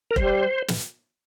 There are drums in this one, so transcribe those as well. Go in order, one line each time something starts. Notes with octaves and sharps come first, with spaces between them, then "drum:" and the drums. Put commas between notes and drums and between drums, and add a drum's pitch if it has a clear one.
A#4
G3 C5, drum: kick F1
drum: snare